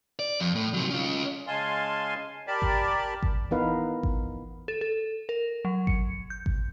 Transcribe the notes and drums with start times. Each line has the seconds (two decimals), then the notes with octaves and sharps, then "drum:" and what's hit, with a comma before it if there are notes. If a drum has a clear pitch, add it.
0.19 D5
0.40 F2
0.55 A2
0.74 C3 F#3
0.91 C#4 F4
1.47 C#3 G#3 F5 G#5 A5 C6
2.47 G4 A#4 D5 A5 B5
2.62 drum: kick G#1
3.23 drum: kick G#1
3.51 E3 B3 D#4 A#4 B4 F5
4.03 drum: kick G#1
4.68 A4
4.81 A4
5.29 A#4
5.65 F#3
5.87 C#7, drum: kick G#1
6.30 G6
6.46 drum: kick G#1